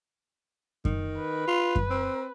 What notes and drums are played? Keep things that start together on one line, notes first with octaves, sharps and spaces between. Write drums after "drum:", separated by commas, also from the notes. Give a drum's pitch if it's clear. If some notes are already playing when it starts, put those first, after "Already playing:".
D#3, drum: kick F#2
B4
F4
drum: kick F#2
C4